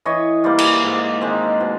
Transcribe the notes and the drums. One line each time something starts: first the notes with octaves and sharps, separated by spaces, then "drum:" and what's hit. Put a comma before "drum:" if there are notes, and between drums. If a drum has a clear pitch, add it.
E3 C#5 D#5
G3 A#3 C5 D5
drum: cymbal
G#2
D#3 G#3 C4
B2